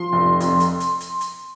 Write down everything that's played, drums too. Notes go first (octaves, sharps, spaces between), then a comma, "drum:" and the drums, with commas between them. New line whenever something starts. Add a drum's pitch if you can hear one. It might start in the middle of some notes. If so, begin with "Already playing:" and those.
Already playing: F3 C6
F1
F2, drum: hi-hat
drum: hi-hat
drum: hi-hat
drum: hi-hat
drum: hi-hat